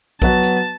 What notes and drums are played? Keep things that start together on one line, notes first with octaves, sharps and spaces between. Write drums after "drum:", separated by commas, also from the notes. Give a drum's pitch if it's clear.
F#3 B3 F#4 B4 A5, drum: kick, hi-hat
drum: hi-hat